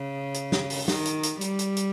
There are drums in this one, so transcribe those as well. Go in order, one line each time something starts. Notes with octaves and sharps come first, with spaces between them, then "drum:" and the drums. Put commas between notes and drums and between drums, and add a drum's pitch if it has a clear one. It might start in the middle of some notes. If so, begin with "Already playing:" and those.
Already playing: C#3
drum: hi-hat
drum: snare
drum: open hi-hat
D#3, drum: snare
drum: hi-hat
drum: hi-hat
G3, drum: hi-hat
drum: hi-hat
drum: hi-hat